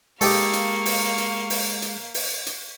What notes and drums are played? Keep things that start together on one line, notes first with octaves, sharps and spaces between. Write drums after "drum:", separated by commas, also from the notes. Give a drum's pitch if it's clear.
G#3 A#3 D#4 G4 A4 F5 C#6, drum: open hi-hat
drum: hi-hat
drum: open hi-hat
drum: hi-hat
drum: open hi-hat
drum: hi-hat
drum: open hi-hat
drum: hi-hat